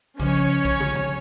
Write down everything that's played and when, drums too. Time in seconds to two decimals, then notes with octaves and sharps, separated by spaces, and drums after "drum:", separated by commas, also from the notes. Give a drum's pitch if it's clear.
0.20 C#3 F3 C#4 C#5, drum: kick, hi-hat
0.35 drum: hi-hat
0.50 drum: hi-hat
0.65 drum: kick, hi-hat
0.80 drum: tom
0.95 drum: tom